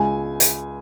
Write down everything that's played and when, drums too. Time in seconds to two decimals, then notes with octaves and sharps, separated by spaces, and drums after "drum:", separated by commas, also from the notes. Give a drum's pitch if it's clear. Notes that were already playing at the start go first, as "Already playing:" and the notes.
Already playing: C#2 G#5
0.40 drum: hi-hat